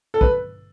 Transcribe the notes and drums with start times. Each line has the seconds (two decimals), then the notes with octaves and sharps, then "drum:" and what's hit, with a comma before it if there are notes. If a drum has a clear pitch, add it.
0.14 A4
0.21 B4, drum: kick